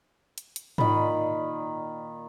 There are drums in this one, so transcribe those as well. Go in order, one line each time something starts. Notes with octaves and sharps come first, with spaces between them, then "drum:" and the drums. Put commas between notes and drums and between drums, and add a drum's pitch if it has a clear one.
drum: hi-hat
drum: hi-hat
A#2 D#3 D5 B5, drum: tom G#2